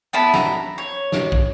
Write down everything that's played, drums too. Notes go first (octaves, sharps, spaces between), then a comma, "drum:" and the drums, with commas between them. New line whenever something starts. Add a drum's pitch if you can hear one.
B3 E4 A5 B5
A#5, drum: snare
C#5
drum: snare
drum: kick